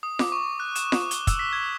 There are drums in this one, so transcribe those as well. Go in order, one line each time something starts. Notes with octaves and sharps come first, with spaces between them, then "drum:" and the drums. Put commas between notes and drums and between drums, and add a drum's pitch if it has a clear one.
D#6
D6, drum: snare F4
C#6
F#6
E7, drum: hi-hat
D#6, drum: snare F4
G7, drum: hi-hat
E6, drum: kick, hi-hat
B6
G#6